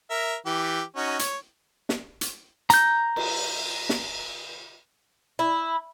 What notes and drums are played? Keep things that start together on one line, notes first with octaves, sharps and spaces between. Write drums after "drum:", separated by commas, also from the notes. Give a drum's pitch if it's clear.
A#4 E5
E3 G4
C#4 D#4 F#4
C#5, drum: hi-hat
drum: snare
drum: hi-hat
A#5 G6, drum: hi-hat
drum: cymbal
drum: snare
E4